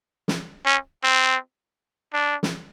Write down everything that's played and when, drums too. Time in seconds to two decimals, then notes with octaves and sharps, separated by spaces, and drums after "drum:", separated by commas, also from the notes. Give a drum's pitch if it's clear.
0.28 drum: snare
0.65 C#4
1.03 C4
2.13 D4
2.43 drum: snare